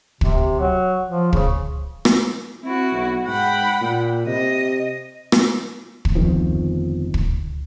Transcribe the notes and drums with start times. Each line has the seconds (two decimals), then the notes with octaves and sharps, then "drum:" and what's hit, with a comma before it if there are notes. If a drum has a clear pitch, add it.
0.21 C3, drum: kick
0.60 F#3
1.09 F3
1.33 C#3, drum: kick
2.05 drum: rim click
2.64 C4 E4 F#4
2.93 B1
3.27 G#2 F#5 G5 B5
3.81 A#2
4.27 C3 D#5
5.32 drum: rim click
6.05 drum: kick
6.15 G1 F2 D#3 F3
7.14 drum: kick